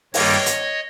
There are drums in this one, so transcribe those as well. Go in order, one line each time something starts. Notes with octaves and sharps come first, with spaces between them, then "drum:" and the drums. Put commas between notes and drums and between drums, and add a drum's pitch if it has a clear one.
G2 D#3 G3 A#3 C#5 D#5, drum: open hi-hat
drum: hi-hat